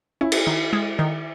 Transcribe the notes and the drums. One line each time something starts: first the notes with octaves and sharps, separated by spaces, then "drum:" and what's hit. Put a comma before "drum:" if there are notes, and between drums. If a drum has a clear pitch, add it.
C#4 E4
drum: cymbal
D#3
G#3
D#3